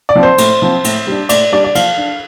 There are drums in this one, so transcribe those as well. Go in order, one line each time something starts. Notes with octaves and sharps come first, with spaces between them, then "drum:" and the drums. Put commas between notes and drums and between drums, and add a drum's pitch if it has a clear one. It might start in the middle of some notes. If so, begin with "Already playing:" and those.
D5
F3 C4
C5
A2, drum: cymbal
F3 C4
A2, drum: cymbal
G3 D4
A2 D5, drum: cymbal
G3 D4 D5
D5
F3 F5, drum: cymbal
D4